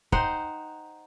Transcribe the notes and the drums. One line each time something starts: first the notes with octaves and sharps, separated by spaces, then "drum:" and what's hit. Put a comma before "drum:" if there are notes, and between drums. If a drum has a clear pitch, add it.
D#4 C5 F#5 G5, drum: kick